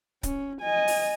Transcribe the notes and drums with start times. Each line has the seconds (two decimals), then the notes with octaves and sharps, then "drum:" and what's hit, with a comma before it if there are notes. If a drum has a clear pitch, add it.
0.23 C#4, drum: kick C#1, hi-hat
0.61 D#5 G#5
0.88 drum: open hi-hat